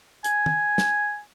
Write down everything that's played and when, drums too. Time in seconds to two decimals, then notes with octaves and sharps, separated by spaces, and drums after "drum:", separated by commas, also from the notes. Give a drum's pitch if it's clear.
0.24 G#5, drum: hi-hat
0.46 drum: tom
0.78 drum: snare